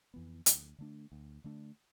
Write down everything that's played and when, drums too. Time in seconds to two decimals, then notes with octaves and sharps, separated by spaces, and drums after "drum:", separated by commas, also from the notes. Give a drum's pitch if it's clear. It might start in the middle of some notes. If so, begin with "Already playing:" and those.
0.14 F2 E3 B3
0.46 D2, drum: hi-hat
0.78 D3 A3 D4
1.12 D2
1.44 D3 A3 D4